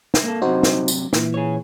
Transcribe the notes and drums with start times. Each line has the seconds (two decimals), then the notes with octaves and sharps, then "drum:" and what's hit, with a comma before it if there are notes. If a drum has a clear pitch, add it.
0.14 drum: snare
0.24 A#3 A4
0.42 G2 C3 F#3 D#4 F#4 C5
0.63 drum: snare
0.88 drum: tambourine
1.13 A#2 E3, drum: snare
1.34 G#4 C#5